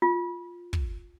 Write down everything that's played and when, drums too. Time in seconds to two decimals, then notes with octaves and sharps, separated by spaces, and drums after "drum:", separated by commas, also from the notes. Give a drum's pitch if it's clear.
0.02 F4
0.73 drum: kick